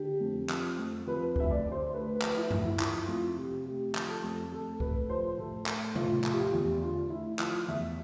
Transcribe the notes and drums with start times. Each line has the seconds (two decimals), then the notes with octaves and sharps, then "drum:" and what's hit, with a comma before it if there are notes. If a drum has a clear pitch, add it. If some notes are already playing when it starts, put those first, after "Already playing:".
Already playing: D3 G4
0.20 F2
0.50 F3, drum: clap
0.79 F2
1.07 F3 B4
1.36 D2 E5, drum: kick
1.51 D5
1.64 D3
1.72 C5
1.93 A3 B4
2.16 B4
2.22 F3, drum: clap
2.37 E4
2.51 D2, drum: tom F#2
2.58 E4
2.79 F3 E4, drum: clap
3.08 F2 F4
3.37 C3 G4
3.65 A3 G4
3.95 F3, drum: clap
4.08 A4
4.23 F2
4.52 A3 A4
4.80 A2 B4, drum: kick
5.10 F3 C5
5.38 A2 A4
5.66 A3, drum: clap
5.95 A2 F4, drum: tom C3
6.24 F3 F4, drum: clap
6.32 G4
6.39 F4
6.52 E2 G4
6.82 D3 F4
7.10 A3 E4
7.39 F3 F4, drum: clap
7.68 E2 E5